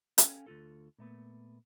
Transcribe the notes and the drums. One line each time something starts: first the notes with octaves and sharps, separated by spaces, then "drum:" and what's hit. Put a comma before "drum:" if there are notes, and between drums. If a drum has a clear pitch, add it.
C#4 A4 F5 G5 G#5, drum: hi-hat
D2 F4 A4
A#2 A3 B3